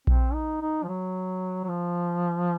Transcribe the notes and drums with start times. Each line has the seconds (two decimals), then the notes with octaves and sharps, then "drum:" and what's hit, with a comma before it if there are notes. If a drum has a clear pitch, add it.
0.07 C4, drum: kick A#1
0.33 D#4
0.61 D#4
0.83 F3
0.88 F#3
1.64 F#3
1.69 F3